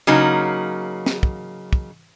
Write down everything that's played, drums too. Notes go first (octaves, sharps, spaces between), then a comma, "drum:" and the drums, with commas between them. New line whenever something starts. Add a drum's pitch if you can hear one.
C#3 F#3 A#3 D#4
drum: snare
drum: kick
drum: kick